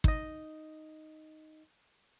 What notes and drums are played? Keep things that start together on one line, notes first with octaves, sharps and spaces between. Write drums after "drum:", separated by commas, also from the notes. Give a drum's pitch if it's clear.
D#4 D#5, drum: kick